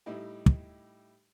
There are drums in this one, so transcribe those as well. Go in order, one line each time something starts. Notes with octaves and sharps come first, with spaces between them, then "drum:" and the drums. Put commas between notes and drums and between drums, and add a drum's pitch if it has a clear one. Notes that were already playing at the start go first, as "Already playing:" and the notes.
A2 G3 D#4 E4 G4
drum: kick